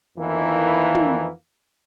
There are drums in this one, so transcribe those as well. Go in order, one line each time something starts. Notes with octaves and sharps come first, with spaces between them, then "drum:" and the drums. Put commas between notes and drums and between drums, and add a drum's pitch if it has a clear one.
F2 D#3 E3 A#3 B3 E4
drum: tom